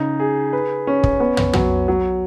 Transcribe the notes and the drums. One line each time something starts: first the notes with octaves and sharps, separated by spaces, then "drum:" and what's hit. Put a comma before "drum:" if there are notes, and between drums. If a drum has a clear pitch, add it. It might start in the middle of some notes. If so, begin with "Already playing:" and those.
Already playing: C#3 D#4
G#4
B4
C#4
drum: kick
B3
drum: tom
F#3, drum: tom
F#3